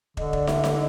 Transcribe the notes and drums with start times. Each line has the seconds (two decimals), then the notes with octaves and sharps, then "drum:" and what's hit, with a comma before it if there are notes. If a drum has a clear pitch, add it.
0.17 D3 D#5, drum: kick
0.33 D5, drum: kick
0.47 E5, drum: snare
0.64 D#5, drum: snare